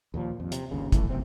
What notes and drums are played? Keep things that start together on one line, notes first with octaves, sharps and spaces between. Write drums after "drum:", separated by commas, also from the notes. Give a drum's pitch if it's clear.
D#2 A#2 F3
F2
C3, drum: hi-hat
G1 D#2 C#3
F#1 A2 E3 A3, drum: kick, hi-hat
D#1 B1 C3 C4